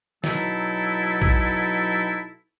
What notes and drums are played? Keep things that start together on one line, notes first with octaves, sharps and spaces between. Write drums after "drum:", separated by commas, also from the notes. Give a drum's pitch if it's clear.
B2 F#3 D#4 E4 A4, drum: snare
drum: kick A#1